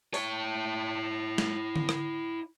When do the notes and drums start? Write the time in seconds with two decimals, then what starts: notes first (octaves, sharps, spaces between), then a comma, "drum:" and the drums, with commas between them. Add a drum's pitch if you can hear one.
0.14 E4 C#5, drum: open hi-hat
1.38 drum: snare
1.76 drum: tom D3
1.89 drum: rim click